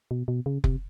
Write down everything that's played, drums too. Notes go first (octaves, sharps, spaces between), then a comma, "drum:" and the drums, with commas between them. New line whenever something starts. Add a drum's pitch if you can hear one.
B2
B2
C#3
C3, drum: kick F1